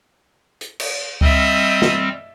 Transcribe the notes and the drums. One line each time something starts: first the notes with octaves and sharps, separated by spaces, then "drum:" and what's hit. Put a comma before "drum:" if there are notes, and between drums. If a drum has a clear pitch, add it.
drum: hi-hat
drum: cymbal
G3 C4 D#5 E5, drum: kick C#2
drum: snare